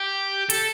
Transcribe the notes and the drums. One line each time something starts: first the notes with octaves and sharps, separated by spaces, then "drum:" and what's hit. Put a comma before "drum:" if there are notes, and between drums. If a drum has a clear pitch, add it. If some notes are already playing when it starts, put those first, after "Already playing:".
Already playing: G4
A4, drum: hi-hat